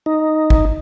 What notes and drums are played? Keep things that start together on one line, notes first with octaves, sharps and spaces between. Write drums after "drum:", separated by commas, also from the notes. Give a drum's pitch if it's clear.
D#4
drum: kick